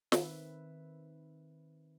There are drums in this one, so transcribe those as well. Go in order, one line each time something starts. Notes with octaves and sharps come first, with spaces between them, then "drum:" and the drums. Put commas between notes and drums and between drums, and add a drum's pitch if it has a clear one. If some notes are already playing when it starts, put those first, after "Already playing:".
D#3 C4 B4 E5, drum: snare